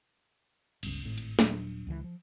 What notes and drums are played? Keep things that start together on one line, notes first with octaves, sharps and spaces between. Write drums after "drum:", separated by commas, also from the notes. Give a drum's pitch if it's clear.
G1 C#2, drum: cymbal
G#1 A2
drum: hi-hat
D#1 A#2 F#3 D4, drum: snare
C#2 E3
F3